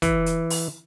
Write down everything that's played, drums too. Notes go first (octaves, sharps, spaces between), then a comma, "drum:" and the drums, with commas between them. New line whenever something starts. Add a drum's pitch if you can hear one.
E3, drum: kick, hi-hat
drum: hi-hat
drum: open hi-hat